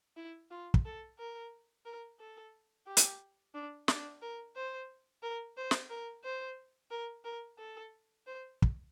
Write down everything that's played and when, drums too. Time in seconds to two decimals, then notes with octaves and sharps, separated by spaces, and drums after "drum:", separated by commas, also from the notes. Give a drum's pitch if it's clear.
0.17 E4
0.51 F4
0.74 drum: kick
0.85 A4
1.18 A#4
1.85 A#4
2.20 A4
2.87 G4
2.97 drum: hi-hat
3.54 D4
3.88 D4, drum: snare
4.22 A#4
4.56 C5
5.23 A#4
5.57 C5
5.71 drum: snare
5.90 A#4
6.24 C5
6.91 A#4
7.24 A#4
7.58 A4
8.27 C5
8.62 drum: kick